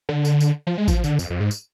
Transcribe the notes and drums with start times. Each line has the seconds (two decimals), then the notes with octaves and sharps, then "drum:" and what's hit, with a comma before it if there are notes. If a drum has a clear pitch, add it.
0.09 D3
0.25 drum: tambourine
0.41 drum: tambourine
0.67 F3
0.78 G#3
0.88 F3, drum: kick A1, tambourine
1.04 D3, drum: tambourine
1.19 F2, drum: tambourine
1.30 F2
1.40 G#2
1.51 drum: tambourine